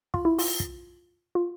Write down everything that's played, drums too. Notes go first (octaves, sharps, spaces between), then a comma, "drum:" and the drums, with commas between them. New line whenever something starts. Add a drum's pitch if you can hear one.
F4, drum: kick
E4
F4, drum: open hi-hat
drum: kick
F4